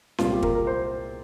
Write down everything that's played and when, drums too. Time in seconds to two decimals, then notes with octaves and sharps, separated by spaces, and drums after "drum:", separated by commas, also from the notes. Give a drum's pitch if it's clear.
0.18 C2 A#2 G3 C4 F4, drum: snare C#4
0.31 G4
0.43 A#4, drum: kick
0.55 A#4
0.67 C5